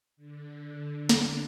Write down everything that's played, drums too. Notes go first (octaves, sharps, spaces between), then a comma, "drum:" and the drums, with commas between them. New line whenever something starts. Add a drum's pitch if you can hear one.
D3
D3
D3
drum: snare